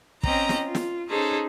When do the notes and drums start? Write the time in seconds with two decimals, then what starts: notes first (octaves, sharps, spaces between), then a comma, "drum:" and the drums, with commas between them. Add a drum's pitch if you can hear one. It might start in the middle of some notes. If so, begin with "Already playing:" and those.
0.23 C4 C#4 D#5 G5 A#5, drum: kick
0.49 drum: snare
0.65 F4
0.75 drum: snare
1.09 C#4 D#4 G#4 A4 C5